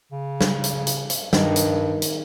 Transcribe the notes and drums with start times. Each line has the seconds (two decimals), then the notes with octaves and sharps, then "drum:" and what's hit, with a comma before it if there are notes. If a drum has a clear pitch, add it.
0.12 C#3
0.41 drum: snare
0.64 drum: hi-hat
0.87 drum: hi-hat
1.10 drum: hi-hat
1.33 G2 D#3, drum: snare
1.56 drum: hi-hat
2.02 drum: hi-hat